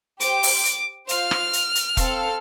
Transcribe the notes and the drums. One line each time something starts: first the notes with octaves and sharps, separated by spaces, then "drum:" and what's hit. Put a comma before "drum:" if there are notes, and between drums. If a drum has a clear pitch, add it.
G4 C5 G5 D6, drum: hi-hat
drum: open hi-hat
drum: hi-hat
F4 C5 F5 F6, drum: hi-hat
drum: rim click
drum: hi-hat
drum: hi-hat
C4 A4 F5 A5, drum: kick E1, hi-hat